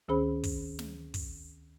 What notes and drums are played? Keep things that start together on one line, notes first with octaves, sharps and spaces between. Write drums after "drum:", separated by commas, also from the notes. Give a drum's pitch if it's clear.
D2 D#3 C#4 G#4 C5 B5
drum: kick, open hi-hat
drum: snare
drum: kick, open hi-hat